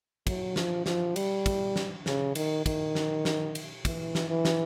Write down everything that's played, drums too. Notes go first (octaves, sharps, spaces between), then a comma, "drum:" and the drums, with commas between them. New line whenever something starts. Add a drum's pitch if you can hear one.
F#3, drum: kick, cymbal
F3, drum: snare
F3, drum: snare
G3, drum: cymbal
drum: kick, cymbal
drum: snare
C#3, drum: snare
D#3, drum: cymbal
D#3, drum: kick, cymbal
drum: snare
drum: snare
drum: cymbal
E3, drum: kick, cymbal
drum: snare
E3
drum: snare